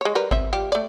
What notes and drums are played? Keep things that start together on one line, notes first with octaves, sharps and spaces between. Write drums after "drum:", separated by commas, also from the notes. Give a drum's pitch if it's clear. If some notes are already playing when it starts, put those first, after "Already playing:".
G#3 C#5
G3 A#4 B4
C4 E5, drum: kick G#1
G3 F4 G4
A3 D5